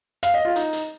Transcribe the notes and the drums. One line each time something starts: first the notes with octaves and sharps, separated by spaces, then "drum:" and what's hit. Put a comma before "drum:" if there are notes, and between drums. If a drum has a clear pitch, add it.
F5, drum: rim click
D#5
F4
D#4, drum: hi-hat
drum: hi-hat